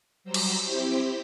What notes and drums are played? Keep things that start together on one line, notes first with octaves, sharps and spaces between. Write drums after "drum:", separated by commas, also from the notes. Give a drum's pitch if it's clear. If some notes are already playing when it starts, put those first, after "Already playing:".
F#3 G3 C5 A#5 E6
drum: cymbal
C4 E4 G4 C5